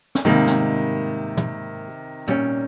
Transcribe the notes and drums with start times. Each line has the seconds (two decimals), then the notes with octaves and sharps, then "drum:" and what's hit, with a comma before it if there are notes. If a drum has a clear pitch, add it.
0.15 drum: snare
0.25 G#2 C3 D#3 G3 A#3
0.47 drum: snare
1.37 drum: tom
2.27 A#2 G3 C#4, drum: tom